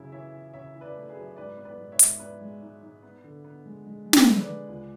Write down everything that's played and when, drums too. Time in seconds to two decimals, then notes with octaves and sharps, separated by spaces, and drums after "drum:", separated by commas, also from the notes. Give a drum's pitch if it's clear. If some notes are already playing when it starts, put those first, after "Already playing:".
Already playing: F#2 C#3 E4 G#4
0.12 E3 C#5 E5
0.33 E3
0.53 C#3 C#5 E5
0.74 E3
0.81 B4 D5
0.96 A3
1.09 G#4 B4
1.17 F#2
1.36 G#2 B4 D5
1.57 B3
1.65 B4 D5
1.78 G#2
1.92 C#5 E5
1.99 G#2, drum: hi-hat
2.19 B3 B4 D5
2.41 G#3
2.62 G#2
2.82 G#2
3.03 B3
3.24 D3
3.44 B3
3.66 G#3
3.86 G#3
4.06 G#3
4.13 G#4 B4, drum: snare
4.27 D3
4.41 B4 D5
4.48 G#3
4.69 C#2